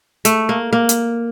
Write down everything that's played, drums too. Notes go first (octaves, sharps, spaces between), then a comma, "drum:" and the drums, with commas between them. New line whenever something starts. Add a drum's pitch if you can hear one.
A3, drum: hi-hat
A#3
A#3
drum: hi-hat